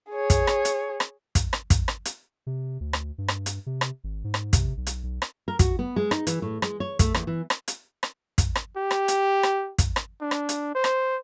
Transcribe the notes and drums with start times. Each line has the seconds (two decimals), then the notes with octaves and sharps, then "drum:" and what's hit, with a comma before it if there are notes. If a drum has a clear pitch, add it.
0.10 G#4 C#5
0.30 drum: kick, hi-hat
0.47 drum: rim click
0.65 drum: hi-hat
1.00 drum: rim click
1.35 drum: kick, hi-hat
1.53 drum: rim click
1.70 drum: kick, hi-hat
1.88 drum: rim click
2.05 drum: hi-hat
2.47 C3
2.80 D2
2.93 drum: rim click
3.18 G2
3.28 drum: rim click
3.46 drum: hi-hat
3.66 C3
3.81 drum: rim click
4.04 G#1
4.24 G#2
4.34 drum: rim click
4.53 C3, drum: kick, hi-hat
4.77 B1
4.87 drum: hi-hat
5.03 B1
5.22 drum: rim click
5.48 A#4
5.59 F#4, drum: kick, hi-hat
5.79 B3
5.96 G#3
6.11 D#4, drum: rim click
6.27 E3, drum: hi-hat
6.42 A2
6.62 G#3, drum: rim click
6.80 C#5
6.99 A3, drum: kick, hi-hat
7.14 E2, drum: rim click
7.27 E3
7.50 drum: rim click
7.68 drum: hi-hat
8.03 drum: rim click
8.38 drum: kick, hi-hat
8.55 drum: rim click
8.76 G4
8.91 drum: rim click
9.08 drum: hi-hat
9.43 drum: rim click
9.78 drum: kick, hi-hat
9.96 drum: rim click
10.21 D4
10.31 drum: rim click
10.49 drum: hi-hat
10.75 C5
10.84 drum: rim click